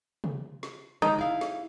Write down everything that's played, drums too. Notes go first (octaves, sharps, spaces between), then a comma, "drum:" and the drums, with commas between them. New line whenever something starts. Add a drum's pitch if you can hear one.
drum: tom C3
drum: snare
G#3 D#4, drum: tom C#3
E4 F5
drum: snare